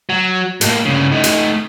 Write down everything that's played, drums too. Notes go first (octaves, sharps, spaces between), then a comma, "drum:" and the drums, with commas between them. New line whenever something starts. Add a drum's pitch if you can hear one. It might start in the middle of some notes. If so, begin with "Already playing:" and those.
F#3
A2 A#3, drum: hi-hat
G2 C#3
A3 D#4
drum: hi-hat